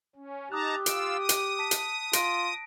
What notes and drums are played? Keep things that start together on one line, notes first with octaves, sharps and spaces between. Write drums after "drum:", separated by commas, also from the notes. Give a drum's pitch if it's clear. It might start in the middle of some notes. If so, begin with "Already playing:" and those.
C#4
D#4 G4 A5 A#5 D#6 F#6
F4 E6 D7, drum: hi-hat
D#6
drum: hi-hat
A5 B6 D#7
drum: hi-hat
F4 A#6 D7, drum: hi-hat